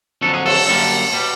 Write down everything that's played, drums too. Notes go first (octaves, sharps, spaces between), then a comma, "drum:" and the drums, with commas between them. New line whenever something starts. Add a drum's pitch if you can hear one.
F2 D3 F#3 A4
G#4
A4, drum: cymbal
F#2 D3 G3 A#3 A4
B2 G3